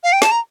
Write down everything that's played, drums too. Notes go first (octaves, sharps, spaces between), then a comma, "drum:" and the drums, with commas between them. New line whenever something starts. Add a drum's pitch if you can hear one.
F5
G5
A5, drum: snare
A#5